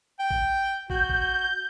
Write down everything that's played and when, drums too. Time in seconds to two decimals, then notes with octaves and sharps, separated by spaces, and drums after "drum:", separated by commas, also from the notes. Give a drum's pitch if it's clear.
0.19 G5
0.31 drum: kick
0.90 F#4 G6, drum: kick
1.10 drum: kick